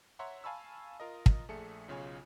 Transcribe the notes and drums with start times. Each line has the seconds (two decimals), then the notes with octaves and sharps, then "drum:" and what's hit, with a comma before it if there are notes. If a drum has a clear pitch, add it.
0.19 C#5 E5 F#5 A#5 C6 C#6
0.44 F5 G#5 A5 B5 C#6 E6
1.00 F4 A#4 D#5
1.26 drum: kick
1.48 A#1 A3 G#4 A4 E5 C#7
1.88 B1 C#3 F4 C#5 G#5